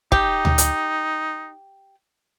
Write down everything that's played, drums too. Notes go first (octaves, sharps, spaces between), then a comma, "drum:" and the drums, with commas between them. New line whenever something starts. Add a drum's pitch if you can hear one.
D#4 G4, drum: kick
drum: tom D2
drum: hi-hat